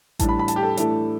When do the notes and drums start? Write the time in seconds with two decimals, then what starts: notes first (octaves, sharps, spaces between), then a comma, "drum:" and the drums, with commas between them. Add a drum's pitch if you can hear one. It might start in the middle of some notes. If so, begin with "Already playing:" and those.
0.19 A2 E3 G3 D4 A5, drum: kick A1, hi-hat
0.29 B5
0.39 B5
0.48 A5, drum: hi-hat
0.56 G4
0.63 A4
0.77 A2 E3 A3 D4 A4, drum: hi-hat